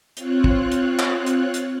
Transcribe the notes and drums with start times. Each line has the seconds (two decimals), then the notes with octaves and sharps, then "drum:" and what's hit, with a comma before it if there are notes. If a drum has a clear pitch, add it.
0.17 C4 F4 C#5 F#6, drum: hi-hat
0.44 drum: kick
0.72 drum: hi-hat
0.99 drum: clap
1.27 drum: hi-hat
1.54 drum: hi-hat